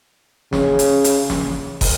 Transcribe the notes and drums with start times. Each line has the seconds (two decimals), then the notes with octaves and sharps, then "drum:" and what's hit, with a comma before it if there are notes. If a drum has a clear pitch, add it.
0.53 C#3, drum: snare
0.79 drum: hi-hat
1.04 drum: hi-hat
1.30 drum: snare
1.81 drum: kick, open hi-hat